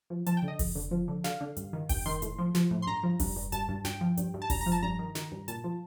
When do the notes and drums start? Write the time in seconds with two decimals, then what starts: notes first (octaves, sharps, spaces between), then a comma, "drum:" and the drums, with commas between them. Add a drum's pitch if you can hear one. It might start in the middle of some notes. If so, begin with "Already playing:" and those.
0.10 F3
0.26 F3 A5, drum: hi-hat
0.37 G5
0.42 D3
0.48 D#5
0.59 F2, drum: kick F1, open hi-hat
0.75 D3
0.91 F3
1.08 D3
1.24 D3 F5, drum: snare
1.41 D3
1.57 G2, drum: hi-hat
1.73 D#3
1.89 G2 G5, drum: kick F1, open hi-hat
2.06 D#3 C6
2.22 A2, drum: hi-hat
2.38 F3
2.55 F3, drum: snare
2.71 A2
2.82 C6
2.87 G2 A#5
3.03 F3
3.20 G2, drum: kick F1, open hi-hat
3.36 G2
3.52 G2 A5, drum: hi-hat
3.68 G2
3.85 G2 G5, drum: snare
4.01 F3
4.17 G2, drum: hi-hat
4.34 G2
4.42 A5
4.50 G2 A#5, drum: kick F1, open hi-hat
4.61 A#5
4.66 F3
4.72 A5
4.83 G2 A#5
4.99 D#3
5.15 D#3, drum: snare
5.32 G2
5.48 A#2 A5, drum: hi-hat
5.64 F3